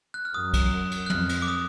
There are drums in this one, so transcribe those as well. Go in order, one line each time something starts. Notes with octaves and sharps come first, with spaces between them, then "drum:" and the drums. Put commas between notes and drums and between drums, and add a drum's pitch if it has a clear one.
F#6
F6
F#2 D#6
drum: kick, cymbal
drum: cymbal
F#6
F2 F6, drum: tom
drum: cymbal
D6
D#6